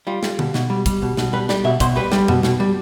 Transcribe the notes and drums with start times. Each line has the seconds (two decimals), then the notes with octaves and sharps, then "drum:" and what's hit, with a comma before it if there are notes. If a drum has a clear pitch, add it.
0.07 G3 F4
0.23 G3, drum: snare
0.39 B2, drum: tom D3
0.54 B2, drum: snare
0.70 G3
0.86 G3, drum: kick, hi-hat
1.02 B2
1.17 B2, drum: snare
1.33 G3 B4, drum: tom A#2
1.49 G3 D5, drum: snare
1.64 B2 E5
1.80 B2 C5, drum: kick, hi-hat
1.96 G3 B4
2.12 G3, drum: snare
2.28 B2, drum: tom F2
2.43 B2, drum: snare
2.60 G3